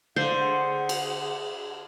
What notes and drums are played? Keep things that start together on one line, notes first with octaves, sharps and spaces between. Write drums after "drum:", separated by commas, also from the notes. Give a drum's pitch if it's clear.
D3 C5 F5
G#4 F#5
drum: cymbal